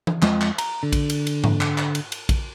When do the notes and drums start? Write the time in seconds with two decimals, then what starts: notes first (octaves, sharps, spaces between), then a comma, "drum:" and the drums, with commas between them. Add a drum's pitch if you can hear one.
0.07 drum: tom E3
0.22 F2 G#3 F4 D#5 G5, drum: clap
0.41 drum: clap
0.58 A#5, drum: cymbal
0.83 D3
0.92 drum: kick A#1, cymbal
1.10 drum: cymbal
1.27 drum: cymbal
1.44 drum: tom G#2
1.61 drum: clap
1.78 drum: clap
1.95 drum: cymbal
2.12 drum: cymbal
2.29 drum: kick A#1, cymbal